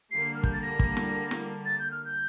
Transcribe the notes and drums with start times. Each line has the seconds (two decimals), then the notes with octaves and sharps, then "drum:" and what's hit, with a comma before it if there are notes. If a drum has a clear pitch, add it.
0.11 D3 G3 A#3 C7
0.34 F6
0.44 G6, drum: kick
0.53 A6
0.62 A#6
0.79 drum: kick
0.97 drum: snare
1.31 drum: snare
1.65 A6
1.79 G6
1.91 F6
2.05 G6